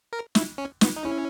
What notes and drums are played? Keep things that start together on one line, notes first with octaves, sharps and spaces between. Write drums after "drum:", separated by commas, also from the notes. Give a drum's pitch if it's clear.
A#4
E4, drum: snare
C#4
B3, drum: snare
D#4
C#4 E4